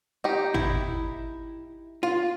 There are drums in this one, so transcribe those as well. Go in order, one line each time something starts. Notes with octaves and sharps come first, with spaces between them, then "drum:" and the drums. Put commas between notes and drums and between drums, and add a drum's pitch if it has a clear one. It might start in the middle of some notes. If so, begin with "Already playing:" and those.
D#4 G4
E4, drum: tom G#1
F4